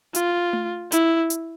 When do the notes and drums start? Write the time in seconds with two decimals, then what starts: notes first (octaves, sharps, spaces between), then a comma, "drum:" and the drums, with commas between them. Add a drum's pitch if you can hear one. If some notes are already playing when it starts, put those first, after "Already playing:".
0.15 F4, drum: hi-hat
0.53 drum: tom A3
0.92 E4, drum: hi-hat
1.30 drum: hi-hat